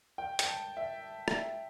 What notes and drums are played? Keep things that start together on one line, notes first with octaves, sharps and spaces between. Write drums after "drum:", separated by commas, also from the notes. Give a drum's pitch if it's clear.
G5
G5, drum: hi-hat
A5
E5
drum: rim click